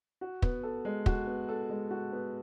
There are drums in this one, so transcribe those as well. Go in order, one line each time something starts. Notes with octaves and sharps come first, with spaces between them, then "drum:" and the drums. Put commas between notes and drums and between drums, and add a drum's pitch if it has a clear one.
F#4
B3, drum: kick
A4
G#3
F#4, drum: kick
B3
A4
G#3
F#4
B3